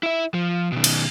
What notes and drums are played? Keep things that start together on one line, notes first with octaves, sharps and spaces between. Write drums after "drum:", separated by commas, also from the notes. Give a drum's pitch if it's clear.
E4 E5
F3
B2 D#3
drum: cymbal